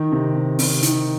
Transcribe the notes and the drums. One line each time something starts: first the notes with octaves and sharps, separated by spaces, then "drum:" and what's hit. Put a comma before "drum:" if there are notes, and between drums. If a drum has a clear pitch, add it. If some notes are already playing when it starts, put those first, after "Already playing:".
Already playing: D#3
C3
C3
C3, drum: open hi-hat
D#3, drum: hi-hat